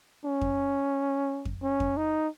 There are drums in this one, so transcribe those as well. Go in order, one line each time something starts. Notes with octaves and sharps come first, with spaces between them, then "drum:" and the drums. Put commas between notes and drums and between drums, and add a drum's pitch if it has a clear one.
C#4
drum: kick F2
drum: kick F2
C#4
drum: kick F2
D#4